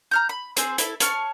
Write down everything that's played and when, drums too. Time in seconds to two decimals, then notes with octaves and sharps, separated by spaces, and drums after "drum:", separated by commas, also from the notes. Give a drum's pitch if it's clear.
0.11 A#5 F6 G6
0.29 B5
0.57 C4 G#4 C5, drum: hi-hat
0.78 E4 A4, drum: hi-hat
1.00 C#5 A5 C#6 F6, drum: hi-hat